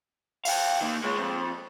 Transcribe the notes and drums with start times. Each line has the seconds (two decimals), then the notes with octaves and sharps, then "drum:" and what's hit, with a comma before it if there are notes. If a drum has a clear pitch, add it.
0.45 F5 G5, drum: open hi-hat
0.81 D#3 A#3
1.04 G#3 C#5
1.17 F2